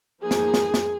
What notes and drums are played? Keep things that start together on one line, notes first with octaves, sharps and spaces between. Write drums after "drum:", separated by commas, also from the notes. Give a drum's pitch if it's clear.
F3 A#3 D#4 G#4
drum: snare
drum: snare
drum: snare